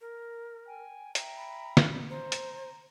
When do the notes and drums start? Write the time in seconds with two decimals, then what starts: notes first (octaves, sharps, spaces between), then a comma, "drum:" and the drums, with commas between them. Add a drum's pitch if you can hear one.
0.01 A#4
0.66 G5 G#5
1.15 E5 G5 A#5, drum: hi-hat
1.37 B5
1.77 drum: snare
2.10 C5 A#5
2.32 drum: hi-hat